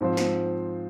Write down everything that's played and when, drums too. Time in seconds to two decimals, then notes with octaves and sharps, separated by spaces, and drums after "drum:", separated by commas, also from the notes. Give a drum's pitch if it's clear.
0.01 G#2 F3 C4 F4 C5
0.17 drum: snare